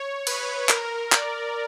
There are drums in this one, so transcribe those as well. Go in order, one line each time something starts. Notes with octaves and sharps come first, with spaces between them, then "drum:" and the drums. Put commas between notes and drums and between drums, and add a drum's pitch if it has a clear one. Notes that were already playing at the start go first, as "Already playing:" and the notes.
Already playing: C#5
B4, drum: cymbal
A#4, drum: clap
D5, drum: clap